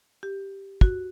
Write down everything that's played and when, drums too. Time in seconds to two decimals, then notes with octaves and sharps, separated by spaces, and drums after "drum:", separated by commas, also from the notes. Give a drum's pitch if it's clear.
0.23 G4
0.81 F#4, drum: kick